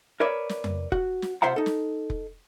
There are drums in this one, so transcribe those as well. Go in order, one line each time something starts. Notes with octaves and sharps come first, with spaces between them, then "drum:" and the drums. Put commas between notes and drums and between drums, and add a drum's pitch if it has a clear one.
A#4 B4 C#5 D5 E5
drum: snare
drum: tom F2
F#4, drum: kick F1
drum: snare
C3 F4 C5 E5 F#5 A#5
D#4 A4
drum: snare
drum: kick F1